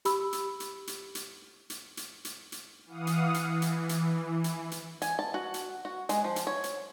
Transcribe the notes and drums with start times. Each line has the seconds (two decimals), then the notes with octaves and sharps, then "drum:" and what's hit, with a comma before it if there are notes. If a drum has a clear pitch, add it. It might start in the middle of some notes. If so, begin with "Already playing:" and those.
0.05 G4 B5 E6, drum: hi-hat
0.33 drum: hi-hat
0.60 drum: hi-hat
0.87 drum: hi-hat
1.15 drum: hi-hat
1.70 drum: hi-hat
1.97 drum: hi-hat
2.25 drum: hi-hat
2.52 drum: hi-hat
2.86 E3 F5 F#5 D#6
3.07 drum: hi-hat
3.34 drum: hi-hat
3.46 E3
3.62 drum: hi-hat
3.89 drum: hi-hat
4.44 drum: hi-hat
4.71 drum: hi-hat
5.02 G#5, drum: hi-hat
5.19 A5
5.34 F#4
5.54 drum: hi-hat
5.85 F#4
6.09 G#3, drum: hi-hat
6.24 F3
6.36 drum: hi-hat
6.47 C#5
6.64 drum: hi-hat